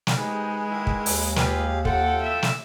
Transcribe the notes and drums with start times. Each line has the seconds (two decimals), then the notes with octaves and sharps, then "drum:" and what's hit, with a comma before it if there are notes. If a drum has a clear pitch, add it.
0.07 drum: snare
0.17 C3 G#3 D#4 G#4 B4
0.71 D#3 A#3 E4
0.87 drum: kick
1.06 D#2, drum: open hi-hat
1.36 F4 G4 G#4 B4 F5, drum: snare
1.85 F4 A4 F#5 G5, drum: kick
2.22 E5
2.43 drum: snare